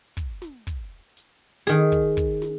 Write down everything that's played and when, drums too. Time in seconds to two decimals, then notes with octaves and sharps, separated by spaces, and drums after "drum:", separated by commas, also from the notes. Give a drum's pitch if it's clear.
0.17 drum: kick, hi-hat
0.42 drum: snare
0.67 drum: kick, hi-hat
1.17 drum: hi-hat
1.67 D#3 G#4, drum: snare
1.92 drum: kick
2.17 drum: kick, hi-hat
2.42 drum: snare